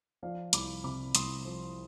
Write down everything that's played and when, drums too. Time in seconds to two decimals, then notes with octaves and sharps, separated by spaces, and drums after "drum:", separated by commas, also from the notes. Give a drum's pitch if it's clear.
0.23 F3 D5 F5
0.53 C2 B5 D6, drum: hi-hat
0.84 C3 B5 D6
1.15 C2 C6 D#6, drum: hi-hat
1.45 F3